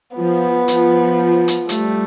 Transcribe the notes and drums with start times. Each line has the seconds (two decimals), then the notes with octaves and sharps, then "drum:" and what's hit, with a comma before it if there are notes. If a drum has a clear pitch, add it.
0.17 F3 B3
0.68 F3, drum: hi-hat
1.48 drum: hi-hat
1.69 G3 A3, drum: hi-hat